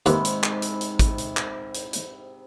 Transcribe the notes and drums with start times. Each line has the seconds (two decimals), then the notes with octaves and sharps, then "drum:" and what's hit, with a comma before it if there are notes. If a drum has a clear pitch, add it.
0.06 D#2 G#2 C3 B4 B5, drum: hi-hat
0.25 drum: hi-hat
0.43 drum: clap
0.62 drum: hi-hat
0.81 drum: hi-hat
0.99 drum: kick, hi-hat
1.18 drum: hi-hat
1.37 drum: clap
1.74 drum: hi-hat
1.93 drum: hi-hat